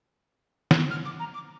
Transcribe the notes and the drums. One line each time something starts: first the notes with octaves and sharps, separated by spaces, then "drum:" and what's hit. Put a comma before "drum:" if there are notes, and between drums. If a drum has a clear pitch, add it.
drum: snare
F6
D6
A#5
D6